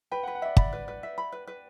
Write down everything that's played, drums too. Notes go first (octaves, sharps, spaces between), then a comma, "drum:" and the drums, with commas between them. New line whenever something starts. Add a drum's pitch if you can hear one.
B4 G5
F#5
B4
F#5
D5 E5
D5 B5, drum: kick
B4
B4
E5
B5
B4
B4